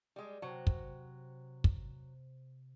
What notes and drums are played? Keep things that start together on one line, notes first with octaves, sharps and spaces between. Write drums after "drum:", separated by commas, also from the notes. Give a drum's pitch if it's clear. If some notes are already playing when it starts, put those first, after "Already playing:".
G3 G#3
C3 F#3 C4
drum: kick
drum: kick